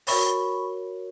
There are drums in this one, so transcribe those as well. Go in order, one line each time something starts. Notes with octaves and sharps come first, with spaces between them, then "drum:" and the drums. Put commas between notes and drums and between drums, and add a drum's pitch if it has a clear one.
F#4 A#4 C#5 B5 C#6, drum: open hi-hat